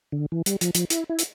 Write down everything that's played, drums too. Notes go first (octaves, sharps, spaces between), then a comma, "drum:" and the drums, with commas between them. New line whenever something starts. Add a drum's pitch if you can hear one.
D3
E3
G3, drum: hi-hat
F3, drum: hi-hat
F3, drum: hi-hat
E4, drum: hi-hat
E4
drum: hi-hat